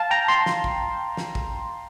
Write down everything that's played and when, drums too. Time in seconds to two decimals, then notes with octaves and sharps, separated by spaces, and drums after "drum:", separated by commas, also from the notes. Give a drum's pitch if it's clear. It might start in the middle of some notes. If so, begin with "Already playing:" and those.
Already playing: F5 A5
0.11 G5 A#5
0.28 A5 C6
0.46 drum: snare
0.64 drum: kick
1.17 drum: snare
1.35 drum: kick